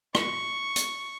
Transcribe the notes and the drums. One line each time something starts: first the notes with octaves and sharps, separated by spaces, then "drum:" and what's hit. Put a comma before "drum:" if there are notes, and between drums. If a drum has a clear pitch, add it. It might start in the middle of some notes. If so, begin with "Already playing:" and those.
C#6, drum: rim click
drum: hi-hat